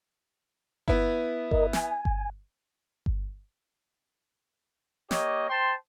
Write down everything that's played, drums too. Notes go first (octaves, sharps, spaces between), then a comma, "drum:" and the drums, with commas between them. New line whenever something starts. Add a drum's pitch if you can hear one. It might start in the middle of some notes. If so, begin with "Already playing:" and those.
B3 E4, drum: kick G1
A#4 D#5, drum: kick G1
G#5, drum: snare
drum: kick G1
drum: kick G1
A#3 G4 C#5 D#5, drum: snare
C5 G5 A5 C6